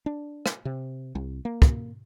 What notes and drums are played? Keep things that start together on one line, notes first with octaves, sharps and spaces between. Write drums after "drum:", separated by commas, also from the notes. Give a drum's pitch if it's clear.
D4
drum: rim click
C3
C2
A#3
drum: kick